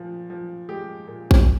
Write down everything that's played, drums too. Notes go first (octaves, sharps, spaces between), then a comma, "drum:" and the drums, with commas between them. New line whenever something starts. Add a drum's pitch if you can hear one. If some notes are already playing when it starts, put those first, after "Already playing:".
Already playing: A#2 F3
F3
G#3 G4
A#2
drum: kick A1